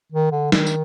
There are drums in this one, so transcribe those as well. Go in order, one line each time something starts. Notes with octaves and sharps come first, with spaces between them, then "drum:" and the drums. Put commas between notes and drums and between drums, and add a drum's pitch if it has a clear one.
D#3
D3
D#3, drum: snare
drum: tambourine